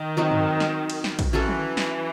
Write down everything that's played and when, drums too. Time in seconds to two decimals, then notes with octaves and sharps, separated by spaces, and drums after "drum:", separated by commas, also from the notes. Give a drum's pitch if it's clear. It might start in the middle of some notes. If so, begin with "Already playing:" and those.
Already playing: D#3
0.17 F#3 C4 D#4 F#4
0.31 drum: tom
0.60 drum: snare
0.90 drum: cymbal
1.04 drum: snare
1.19 drum: kick, cymbal
1.33 E3 F#3 C#4 F#4 A4
1.48 drum: tom
1.77 drum: snare